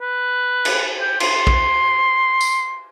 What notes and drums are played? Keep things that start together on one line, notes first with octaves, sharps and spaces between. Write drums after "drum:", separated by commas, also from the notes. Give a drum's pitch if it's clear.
B4
drum: cymbal
G5
C6, drum: cymbal
drum: kick A#1
drum: tambourine